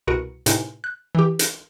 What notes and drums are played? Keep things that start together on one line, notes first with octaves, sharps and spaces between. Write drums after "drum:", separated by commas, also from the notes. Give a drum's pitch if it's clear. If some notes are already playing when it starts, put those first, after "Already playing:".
C2 B2 F#4 A#4 B4 C#7
A2 C3 D#4 B4 G#5, drum: hi-hat
F#6
E3 G4
drum: hi-hat